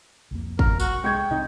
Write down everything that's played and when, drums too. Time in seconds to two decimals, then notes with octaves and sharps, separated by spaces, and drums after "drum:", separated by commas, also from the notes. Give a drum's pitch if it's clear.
0.31 C2 F2 A#3
0.59 A#4, drum: kick
0.80 C2 F#4, drum: tambourine
1.04 G#3 G5 C#6 G#6
1.31 C3 D#4